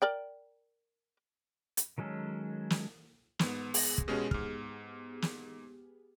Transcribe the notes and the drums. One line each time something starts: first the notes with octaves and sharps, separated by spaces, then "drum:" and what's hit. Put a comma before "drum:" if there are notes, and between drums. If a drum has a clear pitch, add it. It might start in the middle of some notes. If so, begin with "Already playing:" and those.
A#4 D5 G5
drum: hi-hat
D#3 F#3 G#3 C#4 A4
drum: snare
G#2 B3, drum: snare
G#4 A#6, drum: open hi-hat
drum: kick
B2 G#3 B3 C#4 G4 G#4
G#2 F6, drum: kick
drum: snare